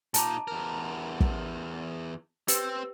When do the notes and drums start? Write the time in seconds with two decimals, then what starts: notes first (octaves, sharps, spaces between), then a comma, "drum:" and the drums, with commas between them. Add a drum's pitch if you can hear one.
0.14 A#2 D#4 A5 A#5 D6, drum: hi-hat
0.48 E2 A#4
1.20 drum: kick
2.48 C4 G4 B4 E6, drum: hi-hat